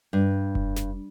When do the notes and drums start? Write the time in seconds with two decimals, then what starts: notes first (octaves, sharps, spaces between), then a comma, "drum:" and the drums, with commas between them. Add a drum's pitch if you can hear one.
0.13 G2
0.55 drum: kick F1
0.76 drum: snare